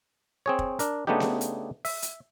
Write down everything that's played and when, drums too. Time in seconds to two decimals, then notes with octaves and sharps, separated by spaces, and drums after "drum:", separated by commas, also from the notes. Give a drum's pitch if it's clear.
0.46 C4 G#4 C#5
0.59 drum: kick
0.79 D4 A#4, drum: hi-hat
1.07 C#3 A3 B3 D4 D#4 G4
1.20 drum: snare B3
1.41 drum: hi-hat
1.85 E5, drum: open hi-hat
2.02 drum: hi-hat